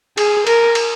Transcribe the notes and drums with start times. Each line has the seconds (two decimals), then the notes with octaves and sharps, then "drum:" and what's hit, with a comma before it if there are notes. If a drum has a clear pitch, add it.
0.18 G#4, drum: cymbal
0.47 A#4, drum: cymbal
0.75 drum: cymbal